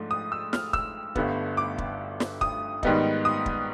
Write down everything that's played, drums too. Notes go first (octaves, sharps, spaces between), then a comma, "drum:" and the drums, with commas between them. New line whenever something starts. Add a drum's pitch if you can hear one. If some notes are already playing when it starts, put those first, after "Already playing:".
Already playing: G#2 F3 A3 D4
D#6
E6
F6, drum: snare
E6, drum: kick
G1 G2 D3 G3 B3, drum: kick
D6
drum: kick
drum: snare
D#6, drum: kick
G#2 D#3 G3 B3 D#4, drum: kick
D#6
drum: kick